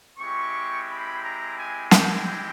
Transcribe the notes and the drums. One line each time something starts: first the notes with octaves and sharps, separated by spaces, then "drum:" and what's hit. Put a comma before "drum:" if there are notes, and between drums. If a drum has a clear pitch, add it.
G#3 C4 E4 G4 C#6
B5
A#5
G#5
G5, drum: snare